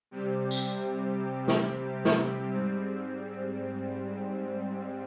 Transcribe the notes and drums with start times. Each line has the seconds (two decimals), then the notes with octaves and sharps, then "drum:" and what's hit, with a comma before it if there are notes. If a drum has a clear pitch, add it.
0.11 C3 G3 C4 G4
0.51 drum: tambourine
1.48 drum: snare
2.05 drum: snare
2.52 G#2 G3 C4